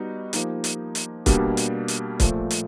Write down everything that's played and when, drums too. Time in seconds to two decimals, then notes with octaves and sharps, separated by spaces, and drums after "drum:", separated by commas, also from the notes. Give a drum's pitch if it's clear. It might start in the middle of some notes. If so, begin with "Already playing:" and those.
Already playing: G3 B3 D#4 F#4
0.33 F3 A#3 D#4 G4, drum: hi-hat
0.64 drum: hi-hat
0.95 drum: hi-hat
1.26 B2 G3 A#3 D4 G4, drum: kick C#1, hi-hat
1.57 drum: hi-hat
1.88 drum: hi-hat
2.20 A#2 F3 A3, drum: kick C#1, hi-hat
2.51 drum: hi-hat